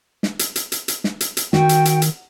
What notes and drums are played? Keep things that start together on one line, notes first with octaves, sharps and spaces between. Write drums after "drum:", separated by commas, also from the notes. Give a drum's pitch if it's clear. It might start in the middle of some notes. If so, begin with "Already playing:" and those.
drum: snare
drum: hi-hat
drum: hi-hat
drum: hi-hat
drum: hi-hat
drum: snare
drum: hi-hat
drum: hi-hat
D#3 F#4 G5, drum: snare
drum: hi-hat
drum: hi-hat
drum: hi-hat